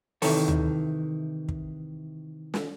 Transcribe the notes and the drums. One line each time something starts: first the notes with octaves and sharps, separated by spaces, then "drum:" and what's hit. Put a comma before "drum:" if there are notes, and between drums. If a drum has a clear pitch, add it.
C3 D#3 E3 A4 C#5, drum: open hi-hat
drum: tom D2
drum: kick
drum: snare